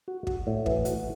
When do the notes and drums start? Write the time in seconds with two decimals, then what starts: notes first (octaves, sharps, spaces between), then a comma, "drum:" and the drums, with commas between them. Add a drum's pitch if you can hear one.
0.08 F#4
0.27 F#4, drum: kick
0.47 A2
0.66 E3, drum: kick
0.85 F#4, drum: hi-hat